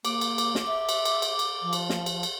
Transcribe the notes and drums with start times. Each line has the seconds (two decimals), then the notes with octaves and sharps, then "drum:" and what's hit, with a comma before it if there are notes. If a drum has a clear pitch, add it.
0.05 A#3 D6, drum: cymbal
0.21 drum: cymbal
0.38 drum: cymbal
0.55 drum: snare
0.67 E5
0.89 drum: cymbal
1.05 drum: cymbal
1.22 drum: cymbal
1.39 drum: cymbal
1.62 F3
1.73 drum: cymbal
1.90 drum: snare
2.06 drum: cymbal
2.23 drum: cymbal